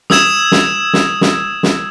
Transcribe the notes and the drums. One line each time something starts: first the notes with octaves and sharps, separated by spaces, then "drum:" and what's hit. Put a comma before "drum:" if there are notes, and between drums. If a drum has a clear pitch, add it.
D#6 E6 G#6 E7, drum: snare
drum: snare
drum: snare
drum: snare
drum: snare